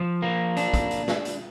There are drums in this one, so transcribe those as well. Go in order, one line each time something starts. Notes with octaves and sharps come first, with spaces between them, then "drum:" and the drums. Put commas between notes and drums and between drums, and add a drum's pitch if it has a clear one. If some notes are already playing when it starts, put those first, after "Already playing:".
Already playing: F3
A#3
D4, drum: hi-hat
drum: kick, hi-hat
drum: hi-hat
drum: snare
drum: hi-hat